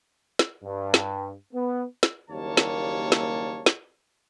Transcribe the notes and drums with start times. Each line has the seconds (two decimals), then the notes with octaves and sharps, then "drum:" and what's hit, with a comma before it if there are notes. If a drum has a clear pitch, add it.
0.39 drum: snare
0.64 G2
0.94 drum: snare
1.53 B3
2.03 drum: snare
2.30 F#1 D#2 G3 A#3 C#5 A5
2.57 drum: snare
3.12 drum: snare
3.66 drum: snare